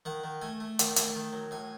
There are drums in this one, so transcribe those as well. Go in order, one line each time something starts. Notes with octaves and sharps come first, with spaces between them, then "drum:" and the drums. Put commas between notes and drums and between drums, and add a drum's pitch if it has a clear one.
D#3 F#5
D#3
A3 G#5
A3
D#3, drum: hi-hat
A5
A3 G#5, drum: hi-hat
A5
D#3
F#3
A2 G#5